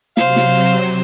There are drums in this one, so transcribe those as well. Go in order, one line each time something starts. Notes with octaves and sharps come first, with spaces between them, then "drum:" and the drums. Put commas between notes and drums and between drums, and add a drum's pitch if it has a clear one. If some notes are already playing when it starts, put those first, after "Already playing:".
C3 F#3 C5 F5, drum: snare
drum: snare